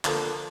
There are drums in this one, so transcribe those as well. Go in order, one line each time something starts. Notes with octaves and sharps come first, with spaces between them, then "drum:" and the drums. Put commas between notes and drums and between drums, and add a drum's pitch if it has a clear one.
D3 F3 A#3, drum: clap